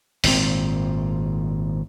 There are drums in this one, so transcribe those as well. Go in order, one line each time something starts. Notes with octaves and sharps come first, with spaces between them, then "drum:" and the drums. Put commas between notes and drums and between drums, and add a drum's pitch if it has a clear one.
G#1 G2 A#2 C4, drum: open hi-hat